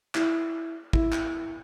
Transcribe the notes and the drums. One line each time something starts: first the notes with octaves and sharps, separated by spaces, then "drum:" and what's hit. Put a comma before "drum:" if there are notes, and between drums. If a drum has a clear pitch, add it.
E4, drum: clap
E4, drum: kick
drum: clap